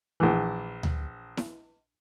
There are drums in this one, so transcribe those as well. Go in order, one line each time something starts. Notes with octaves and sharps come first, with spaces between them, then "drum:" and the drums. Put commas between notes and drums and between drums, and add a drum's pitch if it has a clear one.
A#1 E3
drum: tom D2
drum: snare E4